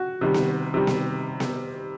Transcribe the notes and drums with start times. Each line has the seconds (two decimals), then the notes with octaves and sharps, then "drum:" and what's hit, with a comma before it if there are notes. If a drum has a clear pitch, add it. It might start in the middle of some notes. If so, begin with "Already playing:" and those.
Already playing: F#4
0.21 C3 D#3 G3
0.34 drum: snare B3
0.74 C3 D#3 G3
0.87 drum: snare B3
1.40 drum: snare B3